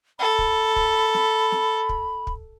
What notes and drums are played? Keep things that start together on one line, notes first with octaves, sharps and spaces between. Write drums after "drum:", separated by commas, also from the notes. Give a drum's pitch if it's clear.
A4 B5
drum: kick
drum: kick
drum: snare
drum: snare
drum: kick
drum: kick